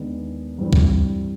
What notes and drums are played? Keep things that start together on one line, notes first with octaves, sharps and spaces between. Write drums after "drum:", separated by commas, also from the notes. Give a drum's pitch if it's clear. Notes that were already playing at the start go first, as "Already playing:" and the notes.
Already playing: D#2 D#3 G#3 B3 D4
G2 E3 G3 C4
drum: kick